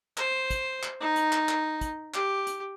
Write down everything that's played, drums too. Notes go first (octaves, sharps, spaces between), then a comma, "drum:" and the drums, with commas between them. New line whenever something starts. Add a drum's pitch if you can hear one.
C5, drum: clap
drum: kick, hi-hat
drum: clap
D#4
drum: hi-hat
drum: clap
drum: clap
drum: kick, hi-hat
G4, drum: clap
drum: hi-hat